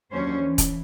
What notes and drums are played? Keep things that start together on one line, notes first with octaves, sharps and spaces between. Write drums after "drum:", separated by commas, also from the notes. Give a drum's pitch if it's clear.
D#2 F#3 C#4 D4 C5
E3
drum: kick, hi-hat